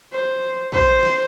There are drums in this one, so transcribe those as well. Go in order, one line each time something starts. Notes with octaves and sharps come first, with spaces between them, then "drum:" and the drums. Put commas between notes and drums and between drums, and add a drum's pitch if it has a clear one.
C5
C5, drum: kick
drum: snare